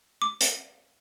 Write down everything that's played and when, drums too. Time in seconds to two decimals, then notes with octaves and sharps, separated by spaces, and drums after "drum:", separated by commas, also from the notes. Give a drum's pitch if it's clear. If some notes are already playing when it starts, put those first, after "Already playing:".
0.22 D6
0.41 drum: hi-hat